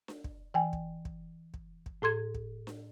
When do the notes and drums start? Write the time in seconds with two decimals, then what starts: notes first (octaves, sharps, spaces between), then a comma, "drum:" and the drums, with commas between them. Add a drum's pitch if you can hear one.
0.08 drum: snare D4
0.24 drum: kick
0.54 E3 G5 G#5
0.73 drum: kick
1.05 drum: kick
1.54 drum: kick
1.86 drum: kick
2.02 A2 A4 C6 G#6
2.35 drum: kick
2.67 drum: snare D4